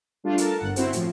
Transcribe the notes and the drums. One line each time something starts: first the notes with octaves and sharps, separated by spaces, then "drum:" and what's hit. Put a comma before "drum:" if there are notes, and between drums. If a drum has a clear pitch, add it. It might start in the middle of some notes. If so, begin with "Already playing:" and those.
G3 A3 D4 F4
A4 A#4 A5, drum: hi-hat
G1 F#5
C4 E4 F#4 C5, drum: hi-hat
A2 F3, drum: hi-hat